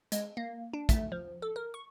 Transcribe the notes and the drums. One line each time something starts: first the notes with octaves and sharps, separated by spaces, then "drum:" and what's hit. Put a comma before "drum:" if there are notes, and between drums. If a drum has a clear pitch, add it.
G#3, drum: hi-hat
A#3
D4
A3, drum: kick, hi-hat
F3
A4
A#4
C#6